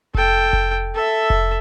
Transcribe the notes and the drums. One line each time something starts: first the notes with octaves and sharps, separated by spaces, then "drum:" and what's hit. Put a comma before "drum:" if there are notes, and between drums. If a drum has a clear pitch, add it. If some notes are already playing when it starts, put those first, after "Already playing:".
A4 G5, drum: kick F1
drum: kick F1
A4 E5
drum: kick F1